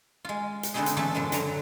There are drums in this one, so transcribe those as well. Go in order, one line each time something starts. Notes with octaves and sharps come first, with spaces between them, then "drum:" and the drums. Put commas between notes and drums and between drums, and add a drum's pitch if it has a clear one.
G#3 F4
drum: hi-hat
D3 G#3 B3 C4 D#4 G#4
drum: hi-hat
C#3 E3 A3 D4 A5
F#2 A2 F#3 G#3
D3 F#3 A#5, drum: hi-hat